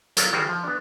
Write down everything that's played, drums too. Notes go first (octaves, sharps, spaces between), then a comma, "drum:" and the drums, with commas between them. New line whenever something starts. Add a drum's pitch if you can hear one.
F#3 B3 F4 A#4 C#5 D5, drum: hi-hat
D#3 G3 F#4 G#4 A#4 C5
F3
B3 D4